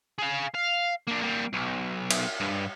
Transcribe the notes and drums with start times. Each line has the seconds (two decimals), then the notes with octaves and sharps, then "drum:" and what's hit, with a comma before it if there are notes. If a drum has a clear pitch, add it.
0.19 G#4 F5
0.54 F5
1.07 A#3 D4
1.23 G3 A#3
1.53 B1
2.11 drum: cymbal
2.40 G2